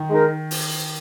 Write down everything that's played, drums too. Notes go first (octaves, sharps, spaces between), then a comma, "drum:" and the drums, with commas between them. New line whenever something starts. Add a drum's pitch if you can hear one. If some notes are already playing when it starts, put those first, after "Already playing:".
Already playing: D#3
G#3 D#4 A#4
drum: open hi-hat